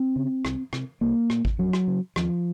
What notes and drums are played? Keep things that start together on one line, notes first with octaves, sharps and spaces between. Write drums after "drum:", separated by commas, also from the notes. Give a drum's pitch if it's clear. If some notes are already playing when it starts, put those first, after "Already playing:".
Already playing: C4
C#3
C2, drum: rim click
C3, drum: rim click
C2 A#3
A#2, drum: rim click
drum: kick G#1
F2 F#3
drum: rim click
C#3
D#2 F3, drum: rim click